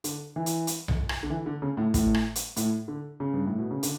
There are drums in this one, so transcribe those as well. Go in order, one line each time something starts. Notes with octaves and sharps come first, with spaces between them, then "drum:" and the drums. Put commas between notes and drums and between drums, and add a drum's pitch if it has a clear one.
D3, drum: hi-hat
E3
drum: hi-hat
drum: hi-hat
drum: tom B1
drum: rim click
D3
E3
D3
C#3
A2
A2, drum: kick, hi-hat
drum: rim click
drum: hi-hat
A2, drum: hi-hat
D3
C#3
G2
A2
B2
C#3
D3, drum: hi-hat